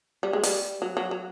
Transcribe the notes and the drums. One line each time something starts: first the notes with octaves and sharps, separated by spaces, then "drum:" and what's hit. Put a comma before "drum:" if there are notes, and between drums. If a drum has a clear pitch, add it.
G3
G#3
G3, drum: open hi-hat
F#3
F#3
F#3